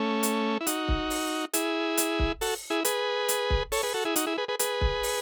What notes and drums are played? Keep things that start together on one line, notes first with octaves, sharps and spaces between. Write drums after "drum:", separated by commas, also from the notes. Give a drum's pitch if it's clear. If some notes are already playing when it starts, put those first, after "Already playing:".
Already playing: A3 C#4
drum: hi-hat
E4
D#4 F#4, drum: hi-hat
drum: kick
drum: open hi-hat
E4 G#4, drum: hi-hat
drum: hi-hat
drum: kick
F#4 A4, drum: open hi-hat
E4 G#4
G#4 B4, drum: hi-hat
drum: hi-hat
drum: kick
A4 C#5, drum: open hi-hat
G#4 B4
F#4 A4
E4 G#4
D#4 F#4, drum: hi-hat
E4 G#4
G#4 B4
G#4 B4
G#4 B4, drum: hi-hat
drum: kick
drum: open hi-hat